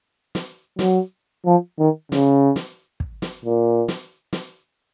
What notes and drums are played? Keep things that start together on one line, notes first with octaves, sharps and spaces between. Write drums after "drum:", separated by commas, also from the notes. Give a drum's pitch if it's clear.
drum: snare
F#3, drum: snare
F3
D#3
C#3, drum: snare
drum: snare
drum: kick
drum: snare
A#2
drum: snare
drum: snare